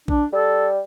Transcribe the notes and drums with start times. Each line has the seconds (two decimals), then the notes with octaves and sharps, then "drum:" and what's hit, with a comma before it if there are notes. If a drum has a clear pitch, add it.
0.08 D4, drum: kick A#1
0.33 G3 A4